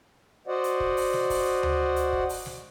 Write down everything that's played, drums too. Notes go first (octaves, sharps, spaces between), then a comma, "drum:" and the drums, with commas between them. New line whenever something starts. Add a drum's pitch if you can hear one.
F#4 C5 D5 D#5 F#5
drum: hi-hat
drum: kick
drum: open hi-hat
drum: snare
drum: kick, open hi-hat
drum: tom D2
drum: hi-hat
drum: kick
drum: open hi-hat
drum: snare